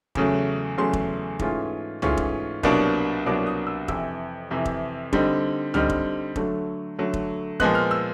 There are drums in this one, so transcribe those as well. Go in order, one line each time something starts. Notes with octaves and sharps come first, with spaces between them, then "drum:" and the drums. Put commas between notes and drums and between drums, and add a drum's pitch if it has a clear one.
E2 C#3 F#3 A3, drum: kick F1
E2 C#3 F#3 A3 C6
drum: kick F1
G#2 E3 A3 C#4 F4, drum: kick F1
G#2 E3 A3 C#4 F4 C#6, drum: tom
drum: kick F1
C2 B2 F#3 A#3 D4, drum: kick F1
C2 B2 F#3 A#3 D4 D6
D#6
E6
F2 C3 E3 E6, drum: kick F1
F2 C3 E3
drum: kick F1
D3 G3 C4 D#4, drum: kick F1
D3 G3 C4 D#4 F6, drum: tom
drum: kick F1
D3 F#3 A3, drum: kick F1
D3 F#3 A3
drum: kick F1
A#2 F3 G#3 B3 F#6, drum: kick F1
F6
E6